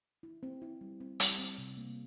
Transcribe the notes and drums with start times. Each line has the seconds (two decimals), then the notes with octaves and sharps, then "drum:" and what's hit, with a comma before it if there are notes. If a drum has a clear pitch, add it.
0.23 E4
0.43 C4
0.62 E4
0.81 G3
1.00 C4
1.20 G3, drum: hi-hat
1.39 C4
1.58 C3
1.77 A#3